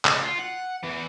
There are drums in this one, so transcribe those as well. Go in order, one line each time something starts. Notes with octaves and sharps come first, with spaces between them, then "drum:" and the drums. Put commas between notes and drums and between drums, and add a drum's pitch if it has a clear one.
C#2, drum: clap
F4
F#5
E2 E3